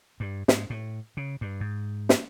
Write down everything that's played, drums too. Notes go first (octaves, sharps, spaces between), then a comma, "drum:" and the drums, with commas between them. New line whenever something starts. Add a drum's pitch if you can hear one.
G2
G#2, drum: snare
A2
C#3
G2
G#2
drum: snare